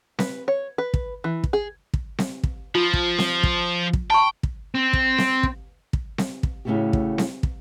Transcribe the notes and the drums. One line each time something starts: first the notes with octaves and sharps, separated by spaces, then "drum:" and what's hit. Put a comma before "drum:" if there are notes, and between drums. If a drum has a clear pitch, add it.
B4, drum: snare C4
C#5
B4
drum: kick
E3
drum: kick
G#4
drum: kick
drum: snare C4
drum: kick
F3 F4
drum: kick
drum: snare C4
drum: kick
drum: kick
G5 A5 B5 C#6
drum: kick
C4
drum: kick
drum: snare C4
drum: kick
drum: kick
drum: snare C4
drum: kick
A2 C#3 E3 A3 F#4 G4
drum: kick
drum: snare C4
drum: kick